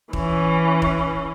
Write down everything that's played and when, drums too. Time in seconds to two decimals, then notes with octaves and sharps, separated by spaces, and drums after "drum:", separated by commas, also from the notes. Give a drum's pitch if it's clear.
0.13 E3 C#4, drum: kick D#1
0.82 drum: kick D#1